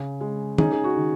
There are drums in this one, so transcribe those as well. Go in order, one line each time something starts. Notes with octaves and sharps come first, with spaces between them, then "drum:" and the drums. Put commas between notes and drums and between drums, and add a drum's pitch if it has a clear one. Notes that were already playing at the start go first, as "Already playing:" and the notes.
Already playing: C#3
G#3
C#4 D#4 G#4, drum: tom
G#4
F#4
D#3